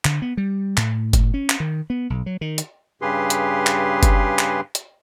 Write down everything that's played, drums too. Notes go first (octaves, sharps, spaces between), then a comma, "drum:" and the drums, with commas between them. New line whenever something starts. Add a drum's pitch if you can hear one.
D3, drum: clap
B3
G3
A2, drum: clap
drum: kick F#1, hi-hat
C#4
drum: clap
D#3
B3
B1
F#3
D#3
drum: hi-hat
G2 C#3 G4 G#4 B4 C6
drum: hi-hat
drum: clap
drum: kick F#1, hi-hat
drum: clap
drum: hi-hat